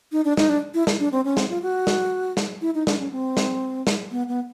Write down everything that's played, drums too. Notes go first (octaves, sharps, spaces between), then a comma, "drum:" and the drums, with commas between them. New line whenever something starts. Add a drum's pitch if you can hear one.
D#4
D4
D#4, drum: snare
D4
E4
drum: snare
D4
C4
C#4
C4, drum: snare
F4
F#4
drum: snare
drum: snare
E4
D#4
D4, drum: snare
C#4
C4
drum: snare
drum: snare
B3
B3